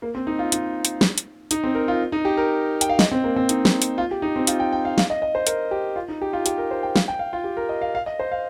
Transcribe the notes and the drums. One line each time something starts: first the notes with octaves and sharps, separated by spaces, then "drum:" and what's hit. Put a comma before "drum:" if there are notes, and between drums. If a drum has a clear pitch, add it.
A#3
C4
D#4
F4
D#4, drum: hi-hat
drum: hi-hat
drum: snare
drum: hi-hat
D#4, drum: hi-hat
C4
A#4
F4
D#4
G4
A#4
G5, drum: hi-hat
F5
D#5, drum: snare
C4
A#3
C4
D#4, drum: hi-hat
drum: snare
drum: hi-hat
F4
G4
D#4
C4
F4, drum: hi-hat
G5
G5
F5
F5, drum: snare
D#5
D#5
C5
A#4, drum: hi-hat
G4
F4
D#4
G4
F4
G4, drum: hi-hat
A#4
C5
G5
F5, drum: snare
G5
F5
F4
G4
A#4
D#5
F5
F5
D#5
C5
F5